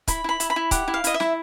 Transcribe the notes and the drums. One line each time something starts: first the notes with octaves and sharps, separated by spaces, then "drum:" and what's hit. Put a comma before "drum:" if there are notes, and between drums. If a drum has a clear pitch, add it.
E4 B5, drum: kick C#1, hi-hat
E4 B5
E4, drum: hi-hat
B5
E4
G4 F#5, drum: kick C#1, hi-hat
E4
F5
E4 D#5, drum: hi-hat
E5
E4, drum: snare